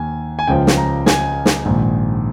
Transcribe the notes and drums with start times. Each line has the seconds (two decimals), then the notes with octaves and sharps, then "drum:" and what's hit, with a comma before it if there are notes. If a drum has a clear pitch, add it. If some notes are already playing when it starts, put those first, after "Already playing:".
Already playing: D#2 D#3 G#5
0.39 G#5
0.47 C#2 C#3 F3 G5
0.67 drum: snare
0.77 A#5
1.06 G#5, drum: snare
1.46 drum: snare
1.65 A#1 G#2 D#3